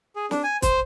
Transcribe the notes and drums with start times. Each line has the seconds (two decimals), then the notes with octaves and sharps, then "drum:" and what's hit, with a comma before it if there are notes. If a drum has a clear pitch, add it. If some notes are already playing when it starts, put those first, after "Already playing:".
0.16 G#4
0.31 D4, drum: snare
0.44 G#5
0.62 C5, drum: kick, hi-hat